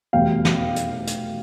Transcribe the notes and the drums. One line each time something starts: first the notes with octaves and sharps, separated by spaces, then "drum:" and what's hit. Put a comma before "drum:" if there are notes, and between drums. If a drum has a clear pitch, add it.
F1 E2 B2 G3 F5 G5
drum: snare
drum: hi-hat
drum: hi-hat